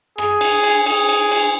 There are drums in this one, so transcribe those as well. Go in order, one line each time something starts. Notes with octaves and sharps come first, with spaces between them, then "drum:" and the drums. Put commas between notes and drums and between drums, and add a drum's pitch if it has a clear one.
G#4, drum: rim click
drum: cymbal
drum: cymbal
G#4, drum: cymbal
drum: cymbal
drum: cymbal